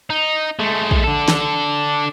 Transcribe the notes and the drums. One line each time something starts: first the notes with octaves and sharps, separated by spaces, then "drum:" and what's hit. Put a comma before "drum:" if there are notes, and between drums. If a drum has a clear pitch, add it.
D#4
G#3 A3
drum: kick
D4 A4
drum: snare